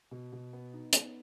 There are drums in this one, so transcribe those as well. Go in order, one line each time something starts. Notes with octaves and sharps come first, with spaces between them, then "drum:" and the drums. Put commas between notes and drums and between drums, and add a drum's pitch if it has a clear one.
B2
B2
B3
D#4
B3, drum: hi-hat